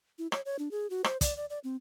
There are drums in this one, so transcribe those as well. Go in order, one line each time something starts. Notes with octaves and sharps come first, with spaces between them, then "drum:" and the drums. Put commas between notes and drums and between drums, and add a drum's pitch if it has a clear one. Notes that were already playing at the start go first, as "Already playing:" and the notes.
E4
C#5, drum: rim click
C#5
D4
G#4
F#4
C5, drum: rim click
D5, drum: kick, hi-hat
D5
D5
C4